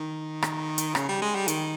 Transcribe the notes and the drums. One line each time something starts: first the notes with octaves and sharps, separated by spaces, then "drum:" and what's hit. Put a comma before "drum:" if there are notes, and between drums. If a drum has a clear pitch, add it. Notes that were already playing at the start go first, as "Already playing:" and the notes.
Already playing: D#3
drum: rim click
drum: hi-hat
C#3, drum: rim click
G3
G#3
G3
D#3, drum: hi-hat